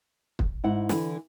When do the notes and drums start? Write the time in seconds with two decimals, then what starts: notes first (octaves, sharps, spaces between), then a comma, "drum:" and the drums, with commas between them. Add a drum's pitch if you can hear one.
0.39 drum: kick
0.64 G#2 E4 F#5
0.89 D3 E3 F#3, drum: snare